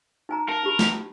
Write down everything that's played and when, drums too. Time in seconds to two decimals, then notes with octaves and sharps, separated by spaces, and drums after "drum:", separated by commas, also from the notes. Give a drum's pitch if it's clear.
0.29 D#4 G#5 A#5
0.49 A#4 A5
0.63 D4 G4 B5
0.79 drum: snare